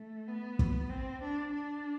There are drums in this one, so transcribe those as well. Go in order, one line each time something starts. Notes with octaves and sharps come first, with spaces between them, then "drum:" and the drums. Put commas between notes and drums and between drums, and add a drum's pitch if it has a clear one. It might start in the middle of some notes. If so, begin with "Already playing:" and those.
Already playing: A3
B3
drum: kick
C4
D4
D4